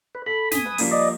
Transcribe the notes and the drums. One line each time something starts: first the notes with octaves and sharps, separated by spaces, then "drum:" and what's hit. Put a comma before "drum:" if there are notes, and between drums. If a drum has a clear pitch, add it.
B4
A4 B5
G#5 D#6 B6 G7, drum: snare
B4
F3 G3 A#3, drum: open hi-hat
D5 D#5